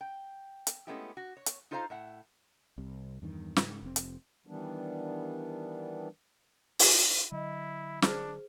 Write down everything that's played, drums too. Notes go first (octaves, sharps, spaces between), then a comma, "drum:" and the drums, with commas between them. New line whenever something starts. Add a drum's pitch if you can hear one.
G5
drum: hi-hat
G#3 A3 B3 C#4 E4 G4
F#4
C#5
drum: hi-hat
D#4 F4 A4 C5 F5 A#5
A2 E5 F#5
C2 C3
E2 G2 D#3
G#2 C#3, drum: snare
F1 C4
drum: hi-hat
D#3 E3 G3 B3 D4
drum: open hi-hat
D3 F#3 E4 D#5
D4 G#4 C5 F6, drum: snare